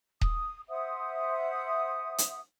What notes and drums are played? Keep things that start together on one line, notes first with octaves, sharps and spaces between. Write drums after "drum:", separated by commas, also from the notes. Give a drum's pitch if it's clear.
D#6, drum: kick D#1
C5 E5 F#5 D#6
drum: hi-hat